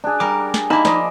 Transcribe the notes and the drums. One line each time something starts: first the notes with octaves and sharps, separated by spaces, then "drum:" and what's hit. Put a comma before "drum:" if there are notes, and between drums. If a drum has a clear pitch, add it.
D4 G#4
G3 A#4 D6
drum: snare
A#3 D#4 E4 D#5 A5 B5
F3 D5 D#5, drum: snare